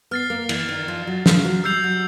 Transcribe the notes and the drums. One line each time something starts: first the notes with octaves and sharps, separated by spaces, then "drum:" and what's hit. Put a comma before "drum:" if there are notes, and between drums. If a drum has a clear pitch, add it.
B3 F6 A6 C7
A#3
E3, drum: cymbal
D#3
F3
F#3
F3, drum: snare
F#3
G3 E6 G6 C7 F7
F#3